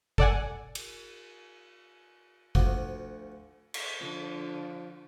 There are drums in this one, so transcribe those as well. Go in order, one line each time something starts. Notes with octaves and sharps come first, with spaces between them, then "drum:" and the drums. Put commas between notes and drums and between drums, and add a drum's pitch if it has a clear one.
A4 D5 F#5 G#5, drum: kick G1
drum: cymbal
D2 F3 F#4 D#6, drum: kick G1
drum: cymbal
D3 F3